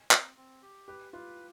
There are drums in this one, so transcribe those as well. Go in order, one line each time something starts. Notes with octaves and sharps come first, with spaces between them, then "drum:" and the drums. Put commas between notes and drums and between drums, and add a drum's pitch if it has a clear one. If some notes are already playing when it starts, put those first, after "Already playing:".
C4, drum: clap
C4
G4
G4 B4
F4 B4